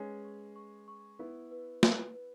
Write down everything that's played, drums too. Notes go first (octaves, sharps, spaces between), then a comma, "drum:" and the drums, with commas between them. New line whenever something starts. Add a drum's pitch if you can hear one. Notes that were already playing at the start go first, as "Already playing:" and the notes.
Already playing: G#3 C#4 B4 G#5
C#6
C#6
C#6
B3 E4 C#6
B4
B4, drum: snare
B4